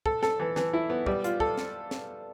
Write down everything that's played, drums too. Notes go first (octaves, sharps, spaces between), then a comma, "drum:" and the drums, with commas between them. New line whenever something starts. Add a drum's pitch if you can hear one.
A4, drum: kick
A4, drum: snare
E3
E3, drum: snare
E4
B3
G3, drum: kick
F4, drum: hi-hat
A4, drum: kick
drum: snare
drum: snare